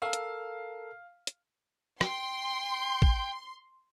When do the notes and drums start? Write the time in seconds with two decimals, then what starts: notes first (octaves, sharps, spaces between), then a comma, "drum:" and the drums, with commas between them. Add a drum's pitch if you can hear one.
0.02 A4 A#4 F5 E6
0.13 drum: hi-hat
1.27 drum: hi-hat
2.01 G5 C6, drum: rim click
3.02 drum: kick